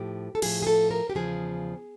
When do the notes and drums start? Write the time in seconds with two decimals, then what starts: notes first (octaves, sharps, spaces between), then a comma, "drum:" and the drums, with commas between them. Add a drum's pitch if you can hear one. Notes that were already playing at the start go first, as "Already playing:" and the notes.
Already playing: A2 F3 G4
0.35 A4
0.42 A2 F3 G#4, drum: cymbal
0.63 G#4
0.67 A4
0.91 A#4
1.10 G4
1.15 E2 C#3 F3 G#4